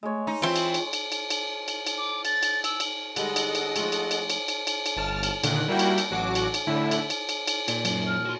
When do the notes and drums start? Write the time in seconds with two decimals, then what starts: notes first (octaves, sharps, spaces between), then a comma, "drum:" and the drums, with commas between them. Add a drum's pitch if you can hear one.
0.03 G#3 A3 C#5
0.27 D#4
0.42 E3 C4 F4 G5 C6
0.56 drum: cymbal
0.74 drum: cymbal
0.93 drum: cymbal
1.12 drum: cymbal
1.30 drum: cymbal
1.68 drum: cymbal
1.87 drum: cymbal
1.98 D6
2.25 A6, drum: cymbal
2.43 drum: cymbal
2.64 E6, drum: cymbal
2.80 drum: cymbal
3.16 D3 G3 G#3 G#4 A4 D#5 F#5, drum: cymbal
3.36 drum: cymbal
3.55 drum: cymbal
3.76 F3 G#3 A3, drum: cymbal
3.92 drum: cymbal
4.11 drum: cymbal
4.30 drum: cymbal
4.48 drum: cymbal
4.67 drum: cymbal
4.86 drum: cymbal
4.97 G1 A5 F6
5.23 drum: cymbal
5.44 A#2 D3 D#3 F#6, drum: cymbal
5.68 G3 A#3 E4 F#4 G5
5.79 drum: cymbal
5.98 drum: cymbal
6.11 A1 F#3 F#4 D6
6.35 drum: cymbal
6.54 drum: cymbal
6.67 A2 D3 E4
6.91 drum: cymbal
7.10 drum: cymbal
7.29 drum: cymbal
7.47 drum: cymbal
7.68 A#2, drum: cymbal
7.85 F#3 C#4, drum: cymbal
8.07 F6
8.25 F#4 C6